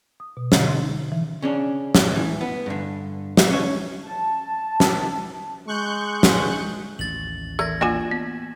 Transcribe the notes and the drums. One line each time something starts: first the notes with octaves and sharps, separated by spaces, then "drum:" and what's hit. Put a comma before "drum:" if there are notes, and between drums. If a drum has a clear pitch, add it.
D#6
B2
D3, drum: snare
C6
D#4
E3
C#3 C#4 D4
drum: snare
A2 E3
B3 B4
G2 D3
drum: snare
C#4 C#5
A5
drum: snare
G#3 C#6 F#6 G6
drum: snare
A1 D#2 A6 F#7
E3 A3 A#4 G#6 A#6
A#3 D4 F4 F#4 G#5
B3